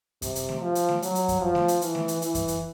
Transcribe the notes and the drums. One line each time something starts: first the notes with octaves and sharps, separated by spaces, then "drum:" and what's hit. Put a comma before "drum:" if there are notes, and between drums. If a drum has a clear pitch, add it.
C3, drum: kick F#2, hi-hat
drum: hi-hat
drum: snare A3
F3
drum: hi-hat
drum: snare A3
F#3, drum: hi-hat
drum: hi-hat
drum: kick F#2, hi-hat
F3
drum: snare A3
drum: hi-hat
E3, drum: hi-hat
drum: snare A3
drum: hi-hat
E3, drum: hi-hat
drum: kick F#2, hi-hat
drum: hi-hat